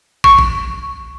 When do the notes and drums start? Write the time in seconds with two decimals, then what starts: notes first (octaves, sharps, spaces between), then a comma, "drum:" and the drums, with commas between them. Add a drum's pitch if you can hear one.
0.24 C#6, drum: kick
0.39 drum: kick